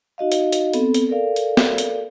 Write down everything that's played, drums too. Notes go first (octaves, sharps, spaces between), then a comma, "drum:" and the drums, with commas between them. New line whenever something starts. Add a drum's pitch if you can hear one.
D#4 F#4 D#5 F5
drum: hi-hat
drum: hi-hat
B3 C4 A4, drum: hi-hat
drum: hi-hat
A4 A#4 D5 F5
drum: hi-hat
drum: snare
drum: hi-hat